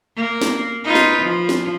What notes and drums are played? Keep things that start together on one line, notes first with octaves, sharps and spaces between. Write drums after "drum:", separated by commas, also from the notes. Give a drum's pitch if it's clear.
A#3
drum: snare
D#4 F4 B4
drum: snare
F3
drum: snare